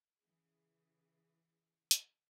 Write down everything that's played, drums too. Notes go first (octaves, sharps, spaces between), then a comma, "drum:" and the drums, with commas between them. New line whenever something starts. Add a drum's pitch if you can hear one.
C#3 E3 G#4
drum: hi-hat